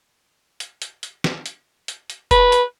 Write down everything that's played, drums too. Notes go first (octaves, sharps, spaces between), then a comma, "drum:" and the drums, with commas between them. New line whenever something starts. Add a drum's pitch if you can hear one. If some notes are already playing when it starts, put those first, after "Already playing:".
drum: hi-hat
drum: hi-hat
drum: hi-hat
drum: snare
drum: hi-hat
drum: hi-hat
drum: hi-hat
B4, drum: kick F#1, hi-hat
drum: hi-hat